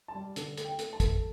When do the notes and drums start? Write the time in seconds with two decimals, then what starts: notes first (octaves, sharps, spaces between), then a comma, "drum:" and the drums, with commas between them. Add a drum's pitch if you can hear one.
0.08 A5
0.15 G3
0.36 D3, drum: hi-hat
0.58 A3, drum: hi-hat
0.64 G5
0.79 A3, drum: hi-hat
0.93 A5
1.00 A3, drum: kick, hi-hat